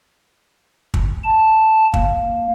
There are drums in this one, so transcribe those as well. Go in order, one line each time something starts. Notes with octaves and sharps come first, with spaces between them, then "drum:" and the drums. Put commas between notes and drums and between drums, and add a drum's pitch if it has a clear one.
drum: kick
A5
A#3, drum: kick